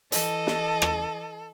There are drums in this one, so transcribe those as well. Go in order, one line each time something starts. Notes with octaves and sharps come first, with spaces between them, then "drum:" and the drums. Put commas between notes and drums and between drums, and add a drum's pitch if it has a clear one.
E3 A4 D#5 A5, drum: hi-hat
drum: snare
drum: rim click